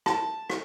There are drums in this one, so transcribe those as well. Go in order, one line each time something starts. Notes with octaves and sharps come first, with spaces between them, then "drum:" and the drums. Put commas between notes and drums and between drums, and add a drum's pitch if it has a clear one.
A5, drum: rim click
drum: rim click